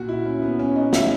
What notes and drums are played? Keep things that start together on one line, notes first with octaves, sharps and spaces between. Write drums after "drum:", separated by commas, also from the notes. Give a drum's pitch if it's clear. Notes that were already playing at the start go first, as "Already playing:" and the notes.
Already playing: A#2 F#4
E4
C#4
B3
C#4
D#4
E4, drum: snare